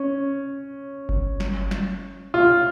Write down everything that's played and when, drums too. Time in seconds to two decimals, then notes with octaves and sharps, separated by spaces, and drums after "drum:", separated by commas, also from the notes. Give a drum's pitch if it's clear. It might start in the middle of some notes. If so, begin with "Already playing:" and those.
Already playing: C#4
1.09 drum: kick G1
1.40 drum: snare
1.71 drum: snare
2.34 F4